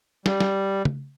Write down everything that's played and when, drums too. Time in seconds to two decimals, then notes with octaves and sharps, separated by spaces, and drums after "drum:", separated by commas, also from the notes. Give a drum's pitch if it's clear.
0.26 G3, drum: snare
0.40 drum: snare
0.85 drum: tom